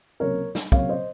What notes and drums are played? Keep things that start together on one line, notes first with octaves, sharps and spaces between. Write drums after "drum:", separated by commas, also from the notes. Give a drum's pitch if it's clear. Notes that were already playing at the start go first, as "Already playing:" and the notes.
C#2 C3 F#3 A#3 A#4 C#5
drum: snare
C#2 C3 F#3 A#3 C#5 F5, drum: kick
C5 D#5